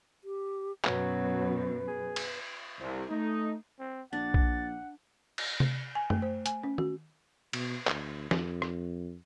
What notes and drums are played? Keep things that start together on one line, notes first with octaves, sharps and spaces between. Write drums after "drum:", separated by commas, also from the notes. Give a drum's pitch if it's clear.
G4
F#2 B2 F#3 B4, drum: clap
G#4
drum: cymbal
C2
A3 D#4
C4
A#1 D4 F#5 A6
drum: kick A#1
drum: cymbal
drum: tom C3
G#5
A3, drum: tom F#2
C5
G#5, drum: hi-hat
C#4
F#4, drum: tom
B2, drum: cymbal
D2, drum: clap
F2, drum: snare
drum: rim click